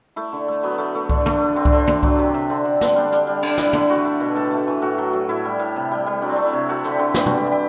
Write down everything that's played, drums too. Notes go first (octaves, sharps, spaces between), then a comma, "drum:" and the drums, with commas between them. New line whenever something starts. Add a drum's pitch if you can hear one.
A3 E4
D3
A3
F#3 B3
A3
A3
D3 D4, drum: kick C2
A3, drum: tom
A3
D3 C4
D4, drum: kick C2
D3 C4
D3, drum: tom
F#3 D4, drum: kick C2
C3
C3
D3 C4
D3
D3, drum: snare
G3 D4
G3, drum: hi-hat
G3
D3 D4, drum: cymbal
G3, drum: snare
E4
D3, drum: tom
A3 F#4
A3
B2
A2 A4
A3
E3
A2 F#4
F#3
F#3
A2 E4
G3
A2
C3
G3
G3
F#3 D4
C4
A3 D4
E4
C3
A3 F#4
D3, drum: hi-hat
G4
D3
E3 G4, drum: snare
G3 F#4, drum: tom
G4
G3
G4